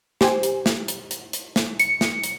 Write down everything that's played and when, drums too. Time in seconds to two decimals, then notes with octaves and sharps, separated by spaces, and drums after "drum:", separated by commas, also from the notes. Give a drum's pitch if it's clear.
0.21 G4 C5 G#5, drum: snare
0.43 drum: hi-hat
0.66 drum: snare
0.88 drum: hi-hat
1.11 drum: hi-hat
1.33 drum: hi-hat
1.56 drum: snare
1.80 C#7, drum: hi-hat
2.01 drum: snare
2.24 drum: hi-hat